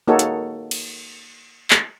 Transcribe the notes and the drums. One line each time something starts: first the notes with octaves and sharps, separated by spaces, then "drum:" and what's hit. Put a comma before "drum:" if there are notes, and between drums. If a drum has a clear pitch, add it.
A#3 D#4 F#4 G#4 A4 C#5
drum: hi-hat
drum: cymbal
drum: clap